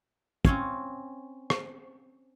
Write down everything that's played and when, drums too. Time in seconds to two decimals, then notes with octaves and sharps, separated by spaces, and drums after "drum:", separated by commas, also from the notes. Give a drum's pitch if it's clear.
0.45 C4 C#4 C#5 F5, drum: kick
1.50 drum: rim click